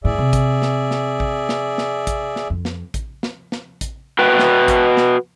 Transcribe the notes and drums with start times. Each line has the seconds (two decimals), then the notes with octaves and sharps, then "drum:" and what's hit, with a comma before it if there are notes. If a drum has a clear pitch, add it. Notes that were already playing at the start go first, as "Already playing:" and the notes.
0.04 D#1 A2 G#4 D5 E5
0.18 C3
0.33 drum: kick A1, hi-hat
0.62 drum: snare
0.91 drum: snare
1.20 drum: kick A1
1.49 drum: snare
1.78 drum: snare
2.07 drum: kick A1, hi-hat
2.36 drum: snare
2.50 F2
2.65 drum: snare
2.94 drum: kick A1, hi-hat
3.23 drum: snare
3.52 drum: snare
3.81 drum: kick A1, hi-hat
4.19 F#4 B4 G5
4.39 drum: snare
4.68 drum: kick A1, hi-hat
4.97 drum: snare